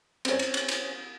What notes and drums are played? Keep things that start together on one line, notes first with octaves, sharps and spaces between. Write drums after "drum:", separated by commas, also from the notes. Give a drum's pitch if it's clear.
C4 C#4, drum: cymbal
drum: cymbal
drum: cymbal
drum: cymbal